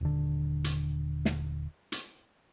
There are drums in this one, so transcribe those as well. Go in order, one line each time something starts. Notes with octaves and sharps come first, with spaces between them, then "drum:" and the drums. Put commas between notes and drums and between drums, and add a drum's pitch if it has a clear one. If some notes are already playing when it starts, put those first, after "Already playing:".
D#1 D3
drum: hi-hat
drum: snare
drum: hi-hat